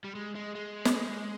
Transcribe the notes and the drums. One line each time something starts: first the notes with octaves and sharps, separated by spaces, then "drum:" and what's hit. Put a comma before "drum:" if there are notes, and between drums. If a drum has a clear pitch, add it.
G3
G#3
G#3
G#3
drum: snare